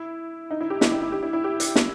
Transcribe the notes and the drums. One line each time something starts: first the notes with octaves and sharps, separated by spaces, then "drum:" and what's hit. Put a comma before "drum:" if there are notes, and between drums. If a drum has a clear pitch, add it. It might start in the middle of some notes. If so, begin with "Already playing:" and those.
Already playing: E4
D#4
E4
G4
E4, drum: snare
E4
E4
G4
E4
E4
G4
drum: hi-hat
E4, drum: snare